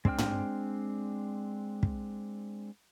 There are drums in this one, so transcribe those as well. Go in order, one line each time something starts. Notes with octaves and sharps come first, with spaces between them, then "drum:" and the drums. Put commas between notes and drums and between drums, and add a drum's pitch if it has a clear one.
G#3 C4 D4 G5 F6, drum: kick
drum: tom
drum: kick